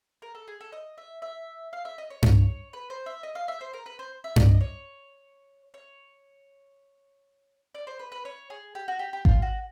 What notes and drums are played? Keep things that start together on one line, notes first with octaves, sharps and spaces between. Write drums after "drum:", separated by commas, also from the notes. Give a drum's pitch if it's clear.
A#4
A4
G#4
A4
D#5
E5
E5
F5
E5
D#5
C#5
C#5, drum: tom G2
B4
C5
E5
D#5
F5
E5
C5
A#4
B4
C5
E5
D5, drum: tom G2
D#5
C#5
C#5
D5
C5
B4
B4
C#5
G#4
G4
F#4
G4
G4
F4, drum: kick G#1
F#4